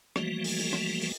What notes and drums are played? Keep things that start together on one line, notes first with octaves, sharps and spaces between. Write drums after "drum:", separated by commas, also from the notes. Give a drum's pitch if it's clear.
E3 F3 G3 A3 A#3 F#4, drum: rim click
drum: open hi-hat
drum: open hi-hat
drum: rim click
drum: open hi-hat
drum: open hi-hat